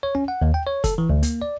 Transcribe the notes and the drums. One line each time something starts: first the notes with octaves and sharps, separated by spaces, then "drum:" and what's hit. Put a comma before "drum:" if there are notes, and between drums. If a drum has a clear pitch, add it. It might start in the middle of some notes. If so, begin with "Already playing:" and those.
C#5
C#4
F#5
D#2
G5
C#5
A4, drum: kick, hi-hat
E3
D2
A#3, drum: hi-hat
D5